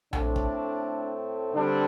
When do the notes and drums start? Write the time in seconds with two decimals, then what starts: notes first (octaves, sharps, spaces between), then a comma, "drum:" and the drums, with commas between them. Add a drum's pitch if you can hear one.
0.13 A2 A3 C4 D4, drum: tom A#1
0.36 drum: kick
1.54 D3 G3 C4 D4